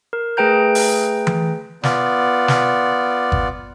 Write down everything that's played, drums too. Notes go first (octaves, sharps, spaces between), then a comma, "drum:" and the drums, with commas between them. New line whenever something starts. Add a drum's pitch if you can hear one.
A#4
A3 G#4 B4 G5 A#5 G6
drum: open hi-hat
drum: tom E3
B3 F4 D5, drum: snare
drum: snare
drum: kick G1